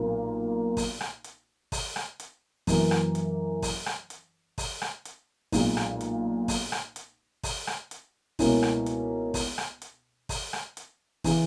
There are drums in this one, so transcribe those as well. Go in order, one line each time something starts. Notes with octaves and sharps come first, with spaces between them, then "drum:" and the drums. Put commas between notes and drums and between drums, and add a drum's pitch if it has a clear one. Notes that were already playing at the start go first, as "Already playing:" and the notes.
Already playing: B1 A#2 A#3
drum: kick, open hi-hat
drum: rim click
drum: hi-hat
drum: kick, open hi-hat
drum: rim click
drum: hi-hat
F#2 E3 A#3, drum: kick, open hi-hat
drum: rim click
drum: hi-hat
drum: kick, open hi-hat
drum: rim click
drum: hi-hat
drum: kick, open hi-hat
drum: rim click
drum: hi-hat
B1 A#2 G#3, drum: kick, open hi-hat
drum: rim click
drum: hi-hat
drum: kick, open hi-hat
drum: rim click
drum: hi-hat
drum: kick, open hi-hat
drum: rim click
drum: hi-hat
C#2 B2 A#3 C#4 E4, drum: kick, open hi-hat
drum: rim click
drum: hi-hat
drum: kick, open hi-hat
drum: rim click
drum: hi-hat
drum: kick, open hi-hat
drum: rim click
drum: hi-hat
C#3 E3, drum: kick, open hi-hat